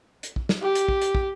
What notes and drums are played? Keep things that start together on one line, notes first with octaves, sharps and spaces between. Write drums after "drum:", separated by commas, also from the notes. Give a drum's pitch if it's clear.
drum: hi-hat
drum: kick
drum: snare
G4
drum: hi-hat
drum: kick
drum: hi-hat
drum: kick